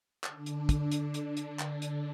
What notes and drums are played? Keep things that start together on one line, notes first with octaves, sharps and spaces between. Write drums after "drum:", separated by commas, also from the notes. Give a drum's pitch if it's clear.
D3 D4, drum: clap
drum: hi-hat
drum: kick, hi-hat
drum: hi-hat
drum: hi-hat
drum: hi-hat
drum: clap
drum: hi-hat